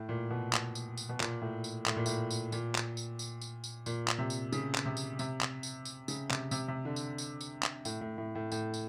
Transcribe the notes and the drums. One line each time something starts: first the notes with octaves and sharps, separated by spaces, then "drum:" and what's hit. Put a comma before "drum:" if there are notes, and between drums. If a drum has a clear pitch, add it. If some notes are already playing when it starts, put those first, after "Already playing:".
Already playing: A2
A#2
B2
drum: clap
drum: tambourine
drum: tambourine
B2
A#2, drum: clap
A2
drum: tambourine
A2, drum: clap
A#2
A2, drum: tambourine
drum: tambourine
A#2, drum: tambourine
drum: clap
drum: tambourine
drum: tambourine
drum: tambourine
drum: tambourine
A#2, drum: tambourine
drum: clap
C3
drum: tambourine
C#3, drum: tambourine
drum: clap
C3
drum: tambourine
C3, drum: tambourine
drum: clap
drum: tambourine
drum: tambourine
C#3, drum: tambourine
C3, drum: clap
C3, drum: tambourine
C3
D3
drum: tambourine
drum: tambourine
drum: tambourine
drum: clap
A2, drum: tambourine
A2
A2
A2
A2, drum: tambourine
drum: tambourine